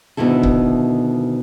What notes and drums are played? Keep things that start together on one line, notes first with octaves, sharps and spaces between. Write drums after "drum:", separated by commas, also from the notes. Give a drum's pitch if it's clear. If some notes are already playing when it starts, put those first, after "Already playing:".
D2 B2 D#3 E4 A4
drum: kick C#1